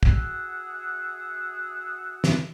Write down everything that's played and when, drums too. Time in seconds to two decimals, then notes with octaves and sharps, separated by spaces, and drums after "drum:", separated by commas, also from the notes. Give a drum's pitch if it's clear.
0.03 F#4 G#4 E5 F#5, drum: kick
2.24 drum: snare